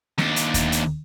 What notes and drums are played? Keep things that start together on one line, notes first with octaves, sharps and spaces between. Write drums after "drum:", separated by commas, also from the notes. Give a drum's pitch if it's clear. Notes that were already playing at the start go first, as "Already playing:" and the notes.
D#2 D4, drum: snare C4
drum: hi-hat
drum: kick D#2, hi-hat
drum: hi-hat